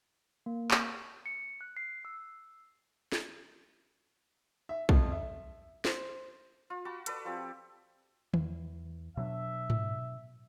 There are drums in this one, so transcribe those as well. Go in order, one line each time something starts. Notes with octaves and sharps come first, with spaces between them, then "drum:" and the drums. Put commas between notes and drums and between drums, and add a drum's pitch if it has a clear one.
A#3
C#6, drum: clap
C#7
F#6
C7
E6
drum: snare
E5
F2, drum: kick B1
E5
C5, drum: snare
F4
F#4 A5 B5
A4 B4 D5, drum: hi-hat
F3 C4 G4
E2, drum: tom D#3
B2 F#3 D4 E5
drum: tom G#2